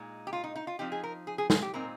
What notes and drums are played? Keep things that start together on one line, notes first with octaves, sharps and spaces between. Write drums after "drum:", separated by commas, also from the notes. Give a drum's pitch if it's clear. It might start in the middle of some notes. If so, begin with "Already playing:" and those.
Already playing: A#2 G#3 D#4
G4
F4
D#4
D#4
F4
F3 C4 D#4 G4
G#4
A#4
G#4
G#4
G#4, drum: snare
G4
A#2 G#3 C4 D#4 A#4